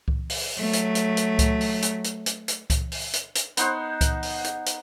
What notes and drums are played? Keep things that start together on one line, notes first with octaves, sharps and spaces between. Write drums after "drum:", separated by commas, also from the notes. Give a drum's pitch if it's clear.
drum: kick C#2
drum: open hi-hat
F#3 A3
drum: hi-hat
drum: hi-hat
drum: hi-hat
drum: kick C#2, hi-hat
drum: open hi-hat
drum: hi-hat
drum: hi-hat
drum: hi-hat
drum: hi-hat
drum: kick C#2, hi-hat
drum: open hi-hat
drum: hi-hat
drum: hi-hat
B3 D#4 C5 F#5, drum: hi-hat
drum: kick C#2, hi-hat
drum: open hi-hat
drum: hi-hat
drum: hi-hat